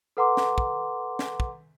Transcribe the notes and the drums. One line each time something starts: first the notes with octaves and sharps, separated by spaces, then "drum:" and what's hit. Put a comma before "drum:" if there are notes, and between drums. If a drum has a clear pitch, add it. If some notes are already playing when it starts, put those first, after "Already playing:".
A4 B4 F#5 A#5 C6 D6
drum: snare
drum: kick
drum: snare
drum: kick